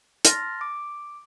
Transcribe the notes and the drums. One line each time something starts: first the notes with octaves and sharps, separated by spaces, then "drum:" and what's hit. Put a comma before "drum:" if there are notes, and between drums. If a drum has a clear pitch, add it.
A5 C6 F6 A6 A#6, drum: hi-hat
D6